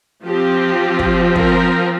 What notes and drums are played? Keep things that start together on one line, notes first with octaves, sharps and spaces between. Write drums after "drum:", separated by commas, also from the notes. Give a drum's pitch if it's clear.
F3 C4 G4
drum: kick
A#4, drum: kick